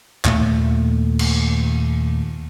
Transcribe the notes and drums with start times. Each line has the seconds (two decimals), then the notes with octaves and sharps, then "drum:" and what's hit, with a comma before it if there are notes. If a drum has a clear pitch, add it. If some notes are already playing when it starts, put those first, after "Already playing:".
0.25 D#2 A#2 A3, drum: clap
1.19 drum: cymbal